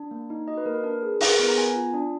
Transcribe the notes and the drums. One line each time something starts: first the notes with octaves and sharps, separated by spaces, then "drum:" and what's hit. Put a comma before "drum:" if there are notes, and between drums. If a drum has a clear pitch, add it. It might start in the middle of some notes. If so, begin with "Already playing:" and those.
Already playing: D4
A#3
D#4
F#4 D#5
B4
A#3 A#4
B4
D4 A#4
G#4
G#4 B4, drum: open hi-hat
A#4
B3 B4
A#5
B3 G#5
F4
D4